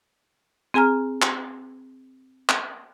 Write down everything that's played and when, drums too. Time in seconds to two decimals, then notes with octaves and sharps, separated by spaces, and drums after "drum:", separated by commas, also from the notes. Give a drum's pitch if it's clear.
0.74 C4 G#4 G#5 A#5 F6
1.22 drum: clap
2.49 drum: clap